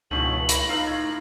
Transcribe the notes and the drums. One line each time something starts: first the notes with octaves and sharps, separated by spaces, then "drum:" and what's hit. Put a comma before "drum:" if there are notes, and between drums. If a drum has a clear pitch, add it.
C#2 G#2 B2 E3 A4 C#5 F#7
A3 E4 B5 A#6, drum: hi-hat
D#4 F4 F5 A#5 E6 C7
A2 G#6